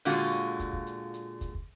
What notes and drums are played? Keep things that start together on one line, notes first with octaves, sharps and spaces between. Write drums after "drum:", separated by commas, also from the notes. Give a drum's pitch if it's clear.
A#2 D3 G#3 F4 F#4, drum: hi-hat
drum: hi-hat
drum: kick, hi-hat
drum: kick
drum: hi-hat
drum: hi-hat
drum: kick, hi-hat
drum: kick